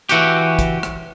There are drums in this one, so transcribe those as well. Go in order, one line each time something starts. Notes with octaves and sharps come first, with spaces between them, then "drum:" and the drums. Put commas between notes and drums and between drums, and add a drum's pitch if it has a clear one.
E3 F#4 G4, drum: hi-hat
drum: kick, hi-hat
drum: rim click